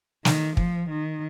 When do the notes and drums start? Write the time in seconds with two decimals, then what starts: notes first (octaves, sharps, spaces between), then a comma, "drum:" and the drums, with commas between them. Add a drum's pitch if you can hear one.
0.25 D#3, drum: snare
0.57 F3, drum: kick
0.90 D#3